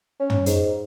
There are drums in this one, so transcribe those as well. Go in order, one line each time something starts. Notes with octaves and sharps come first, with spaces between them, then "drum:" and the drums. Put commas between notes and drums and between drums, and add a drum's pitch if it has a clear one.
C#4
drum: tom
G#2, drum: hi-hat